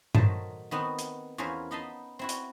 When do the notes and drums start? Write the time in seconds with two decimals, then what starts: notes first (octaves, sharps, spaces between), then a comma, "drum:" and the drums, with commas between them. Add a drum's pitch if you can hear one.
0.15 D#3 F#3 A3 C5 A5 A#5, drum: tom G2
0.71 D#3 B3 C4 D#4 F#4
0.99 drum: hi-hat
1.38 E2 E3 C#4 F4 A#4 C5
1.71 B3 D#4 D#5 A5 B5 C6
2.19 C4 E4 F#4
2.29 drum: hi-hat